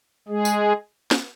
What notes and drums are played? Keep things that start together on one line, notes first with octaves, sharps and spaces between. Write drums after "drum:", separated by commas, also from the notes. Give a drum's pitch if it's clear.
G#3 G#4
drum: tambourine
drum: snare